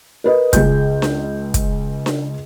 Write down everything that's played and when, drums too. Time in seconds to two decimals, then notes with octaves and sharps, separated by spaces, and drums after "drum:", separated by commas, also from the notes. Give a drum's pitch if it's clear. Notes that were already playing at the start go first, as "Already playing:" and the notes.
0.24 A#4 B4 D#5
0.53 C#2 G#4 G6, drum: kick, hi-hat
1.02 drum: snare D4
1.54 drum: kick, hi-hat
2.06 drum: snare D4